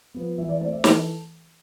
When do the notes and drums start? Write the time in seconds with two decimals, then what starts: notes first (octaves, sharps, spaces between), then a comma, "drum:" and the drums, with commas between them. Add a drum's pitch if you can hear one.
0.14 F3 B3
0.38 E3 E5
0.49 D5
0.61 A3 C4 D5
0.72 E5
0.84 E3 A4, drum: snare